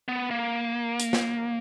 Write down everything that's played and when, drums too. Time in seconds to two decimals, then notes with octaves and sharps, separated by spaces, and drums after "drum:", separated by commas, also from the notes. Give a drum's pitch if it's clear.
0.08 B3
0.31 A#3
1.00 drum: hi-hat
1.13 drum: snare